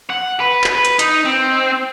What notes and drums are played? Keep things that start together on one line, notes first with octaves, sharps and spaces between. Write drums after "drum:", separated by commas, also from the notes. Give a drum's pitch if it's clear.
F#5
B4
drum: clap
B4
drum: hi-hat
D#4, drum: hi-hat
C4